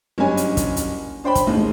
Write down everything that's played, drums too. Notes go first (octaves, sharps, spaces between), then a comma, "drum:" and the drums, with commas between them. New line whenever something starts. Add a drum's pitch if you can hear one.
F#1 G2 G3 C#5 G#5
drum: hi-hat
drum: kick, hi-hat
drum: hi-hat
D4 C5 G5 B5
drum: kick, hi-hat
D#2 A2 D#3 G#3